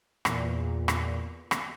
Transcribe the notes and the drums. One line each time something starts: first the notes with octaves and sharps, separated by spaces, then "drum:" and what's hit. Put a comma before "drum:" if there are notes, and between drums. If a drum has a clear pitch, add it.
E2 A#2, drum: rim click
drum: rim click
drum: rim click